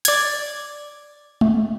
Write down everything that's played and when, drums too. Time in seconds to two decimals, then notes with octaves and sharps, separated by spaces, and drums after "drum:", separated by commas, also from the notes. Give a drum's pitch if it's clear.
0.05 D5 G#6, drum: hi-hat
1.41 drum: tom G#3